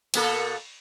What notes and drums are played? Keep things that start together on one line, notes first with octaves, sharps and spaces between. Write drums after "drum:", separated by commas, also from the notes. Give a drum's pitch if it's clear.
B2 A#3 A4, drum: cymbal